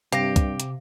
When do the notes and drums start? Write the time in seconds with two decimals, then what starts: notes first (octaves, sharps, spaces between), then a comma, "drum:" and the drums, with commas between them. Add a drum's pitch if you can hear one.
0.12 G2 C3 G4 F5 A#6, drum: hi-hat
0.36 drum: kick, hi-hat
0.60 drum: hi-hat